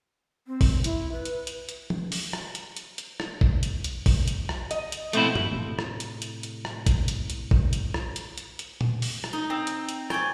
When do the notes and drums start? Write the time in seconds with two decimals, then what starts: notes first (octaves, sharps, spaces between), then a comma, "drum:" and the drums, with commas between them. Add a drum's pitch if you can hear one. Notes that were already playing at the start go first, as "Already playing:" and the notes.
0.47 C4
0.61 drum: kick, open hi-hat
0.84 E4, drum: hi-hat
1.12 B4
1.25 drum: hi-hat
1.47 drum: hi-hat
1.69 drum: hi-hat
1.90 drum: tom
2.12 drum: open hi-hat
2.33 drum: rim click
2.55 drum: hi-hat
2.77 drum: hi-hat
2.98 drum: hi-hat
3.20 drum: rim click
3.41 drum: kick
3.63 drum: hi-hat
3.84 drum: hi-hat
4.06 drum: kick, open hi-hat
4.28 drum: hi-hat
4.49 drum: rim click
4.71 D#5, drum: hi-hat
4.92 drum: hi-hat
5.13 B2 F3 A3 C4 E4, drum: hi-hat
5.35 drum: tom
5.53 A2 C3
5.79 drum: rim click
6.00 drum: hi-hat
6.22 drum: hi-hat
6.43 drum: hi-hat
6.65 drum: rim click
6.86 drum: kick, hi-hat
7.08 drum: hi-hat
7.30 drum: hi-hat
7.51 drum: kick
7.73 drum: hi-hat
7.94 drum: rim click
8.16 drum: hi-hat
8.38 drum: hi-hat
8.59 drum: hi-hat
8.81 drum: tom A#2
9.02 drum: open hi-hat
9.24 drum: rim click
9.33 D#4
9.50 C4
9.67 drum: hi-hat
9.89 drum: hi-hat
10.10 D5 G5 G#5 C#6 G#6, drum: rim click